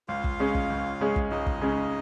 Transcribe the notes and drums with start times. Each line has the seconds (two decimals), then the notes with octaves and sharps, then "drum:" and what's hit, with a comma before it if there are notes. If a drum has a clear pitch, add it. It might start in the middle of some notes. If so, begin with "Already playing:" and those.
0.08 C#2 F4 F5
0.24 drum: kick
0.39 C#3 G#3 C#4 G#4
0.55 drum: kick
0.70 C#2
1.01 C#3 G#3 C#4 G#4
1.16 drum: kick
1.31 C#2 D#4 D#5
1.46 drum: kick
1.61 C#3 G#3 C#4 G#4